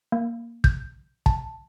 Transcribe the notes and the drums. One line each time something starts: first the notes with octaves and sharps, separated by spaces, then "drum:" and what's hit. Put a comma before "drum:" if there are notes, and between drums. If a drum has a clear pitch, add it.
A#3
G6, drum: kick
A5, drum: kick